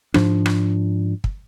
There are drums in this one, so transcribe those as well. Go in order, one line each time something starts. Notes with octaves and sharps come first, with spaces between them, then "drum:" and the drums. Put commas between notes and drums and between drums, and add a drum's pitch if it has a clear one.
G#2 F3 D4, drum: rim click
drum: rim click
drum: kick